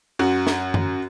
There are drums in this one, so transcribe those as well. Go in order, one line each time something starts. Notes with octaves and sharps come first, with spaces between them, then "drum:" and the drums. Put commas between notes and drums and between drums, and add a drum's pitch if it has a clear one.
F#2 F#4
drum: snare
drum: tom F#2